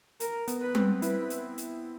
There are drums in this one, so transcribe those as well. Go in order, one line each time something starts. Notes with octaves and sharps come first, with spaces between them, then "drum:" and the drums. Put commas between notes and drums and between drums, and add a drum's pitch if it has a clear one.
A#4, drum: hi-hat
B3, drum: hi-hat
B4
C4, drum: tom G3
E4 B4, drum: hi-hat
drum: hi-hat
drum: hi-hat